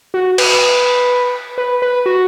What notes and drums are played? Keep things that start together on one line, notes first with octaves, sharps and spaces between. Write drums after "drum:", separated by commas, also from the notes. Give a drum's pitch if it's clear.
F#4
B4, drum: cymbal
B4
B4
F#4